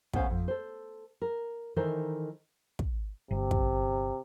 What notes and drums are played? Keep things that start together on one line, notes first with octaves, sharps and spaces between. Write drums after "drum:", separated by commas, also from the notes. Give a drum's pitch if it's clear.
D2 B3 C#4 C5 F5, drum: kick
F2
A4 C5
A#4
D#3 E3 D#4 A4 A#4 C5
drum: kick
G1 C3
drum: kick